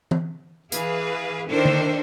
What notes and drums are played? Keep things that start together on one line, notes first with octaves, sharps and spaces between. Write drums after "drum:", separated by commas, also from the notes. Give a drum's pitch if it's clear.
drum: tom E3
E3 G#4 B4 F5, drum: hi-hat
D#3 D4 E4 A4 A#4 C5
drum: tom D3